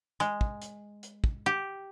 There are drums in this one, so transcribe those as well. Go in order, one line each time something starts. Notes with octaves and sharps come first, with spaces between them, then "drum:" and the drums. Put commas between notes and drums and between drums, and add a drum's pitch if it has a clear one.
G#3, drum: hi-hat
drum: kick
drum: hi-hat
drum: hi-hat
drum: kick
G4